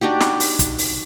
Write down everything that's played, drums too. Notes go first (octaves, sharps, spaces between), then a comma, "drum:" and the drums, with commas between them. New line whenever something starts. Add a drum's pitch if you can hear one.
D4 D#4 F#4 G4
drum: snare
drum: open hi-hat
drum: kick, hi-hat
drum: open hi-hat